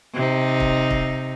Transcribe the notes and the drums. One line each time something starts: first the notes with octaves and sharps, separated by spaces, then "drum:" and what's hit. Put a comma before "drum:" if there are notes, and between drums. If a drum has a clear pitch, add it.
C3 D#4
drum: kick
drum: kick